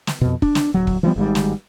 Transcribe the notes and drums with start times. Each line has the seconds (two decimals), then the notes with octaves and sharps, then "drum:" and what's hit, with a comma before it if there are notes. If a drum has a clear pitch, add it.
0.07 drum: snare
0.21 F2 B2
0.42 D4, drum: kick
0.55 drum: snare
0.74 D1 F#3
0.87 drum: kick
1.03 E3 F3 G3 B3
1.16 G#1 G#2 G3
1.35 drum: snare